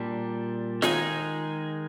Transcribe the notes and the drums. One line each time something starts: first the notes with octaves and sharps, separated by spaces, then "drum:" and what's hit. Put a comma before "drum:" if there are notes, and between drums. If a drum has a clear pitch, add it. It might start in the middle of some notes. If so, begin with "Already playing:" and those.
Already playing: A#2 G3 D4
D#3 G#3 D#4 G#4, drum: snare F4